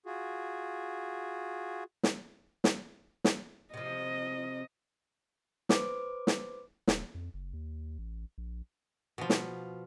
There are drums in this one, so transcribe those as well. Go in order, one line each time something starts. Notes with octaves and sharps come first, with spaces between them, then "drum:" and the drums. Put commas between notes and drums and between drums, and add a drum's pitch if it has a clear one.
F4 F#4 G#4
drum: snare
drum: snare
drum: snare
C3 F3 D#5
B4 C5 D6, drum: snare
drum: snare
D#1, drum: snare
F2
F#1
D#2
A1
A#1
B2 F3
drum: snare